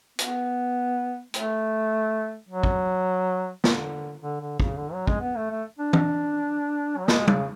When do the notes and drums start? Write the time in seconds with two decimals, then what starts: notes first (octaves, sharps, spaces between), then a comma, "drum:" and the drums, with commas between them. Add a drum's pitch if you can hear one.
0.19 B3, drum: hi-hat
1.34 A3, drum: hi-hat
2.49 F#3
2.63 drum: kick
3.64 D3, drum: snare
4.21 D3
4.40 D3
4.60 C#3, drum: kick
4.78 D3
4.93 F#3
5.07 G#3, drum: kick
5.21 B3
5.36 A3
5.51 A3
5.79 D4
5.93 D4, drum: tom
6.97 F#3
7.08 G#3, drum: snare
7.28 C#3, drum: tom